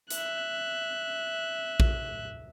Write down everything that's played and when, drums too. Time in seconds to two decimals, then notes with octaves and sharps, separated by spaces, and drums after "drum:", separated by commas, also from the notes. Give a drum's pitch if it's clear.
0.11 E5 F#6, drum: hi-hat
1.80 drum: kick